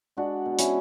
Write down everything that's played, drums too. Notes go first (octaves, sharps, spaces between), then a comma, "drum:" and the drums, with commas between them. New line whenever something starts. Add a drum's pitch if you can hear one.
G#3 D4 F#4
B2
C#4 E4, drum: hi-hat